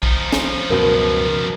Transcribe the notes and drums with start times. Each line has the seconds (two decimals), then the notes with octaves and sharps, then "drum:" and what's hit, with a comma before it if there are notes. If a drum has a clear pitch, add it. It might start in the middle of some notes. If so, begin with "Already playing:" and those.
0.03 F3 D#4, drum: kick
0.33 drum: snare
0.70 C#2 F#2 B2 A#4